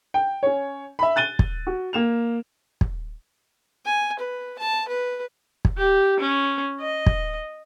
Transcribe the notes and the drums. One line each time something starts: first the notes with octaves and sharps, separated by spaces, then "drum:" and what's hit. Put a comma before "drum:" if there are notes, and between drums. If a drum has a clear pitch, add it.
G5
C#4 C#5
E5 B5
F#6 A6 D#7 G7
drum: kick
F#4
A#3 E7 F7
drum: kick
G#5
B4
A5
B4
drum: kick
G4
C#4
D#5
drum: kick